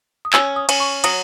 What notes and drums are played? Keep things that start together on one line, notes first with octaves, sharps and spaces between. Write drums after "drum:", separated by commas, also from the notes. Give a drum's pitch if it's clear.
D#6
C#4 E6, drum: clap
D#6
C#4, drum: cymbal
C#6
F#3 D#6, drum: cymbal